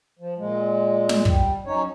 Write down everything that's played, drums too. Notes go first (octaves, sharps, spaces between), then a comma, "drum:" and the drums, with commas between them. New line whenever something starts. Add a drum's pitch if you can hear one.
F3
A#2 G#3
drum: snare
G3, drum: kick
F#3 C#4 D#4 C#5